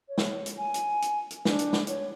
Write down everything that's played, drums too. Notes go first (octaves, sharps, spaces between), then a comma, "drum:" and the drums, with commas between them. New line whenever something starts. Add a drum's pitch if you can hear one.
C#5
drum: snare
drum: hi-hat
G#5
drum: hi-hat
drum: hi-hat
drum: hi-hat
D4, drum: snare
drum: hi-hat
drum: snare
C#5, drum: hi-hat